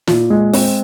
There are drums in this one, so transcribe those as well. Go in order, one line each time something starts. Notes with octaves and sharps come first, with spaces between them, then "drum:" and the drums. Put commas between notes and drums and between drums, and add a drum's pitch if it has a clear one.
A#2, drum: snare
G#3
C4, drum: open hi-hat